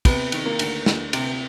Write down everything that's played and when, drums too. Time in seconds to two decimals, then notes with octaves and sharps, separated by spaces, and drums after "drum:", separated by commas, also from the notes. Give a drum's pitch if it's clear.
0.05 C3 B3, drum: kick, cymbal
0.32 D#3, drum: cymbal
0.46 A#3
0.59 D2, drum: cymbal
0.86 D2, drum: snare
1.13 C3, drum: cymbal